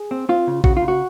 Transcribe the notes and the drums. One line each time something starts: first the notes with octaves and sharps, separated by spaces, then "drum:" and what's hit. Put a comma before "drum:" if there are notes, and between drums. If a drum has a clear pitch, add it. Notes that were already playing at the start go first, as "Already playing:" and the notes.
Already playing: G#4
C4
C4 F4
C#3
C#3 F#4, drum: kick A#1
F4
C#3
F#4